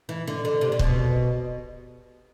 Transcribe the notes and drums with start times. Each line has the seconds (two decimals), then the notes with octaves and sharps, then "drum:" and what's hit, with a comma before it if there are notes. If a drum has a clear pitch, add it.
0.09 E3
0.28 D3
0.45 D3
0.61 C3
0.72 C3
0.79 B2, drum: kick C#1